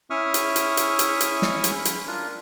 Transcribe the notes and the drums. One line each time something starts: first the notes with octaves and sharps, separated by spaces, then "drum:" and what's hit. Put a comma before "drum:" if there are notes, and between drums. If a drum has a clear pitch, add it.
C#4 E4 E5 C#6 D#6 F6
drum: hi-hat
drum: hi-hat
drum: hi-hat
drum: hi-hat
drum: hi-hat
drum: snare
drum: hi-hat
B5
drum: hi-hat
D4 F4 A#4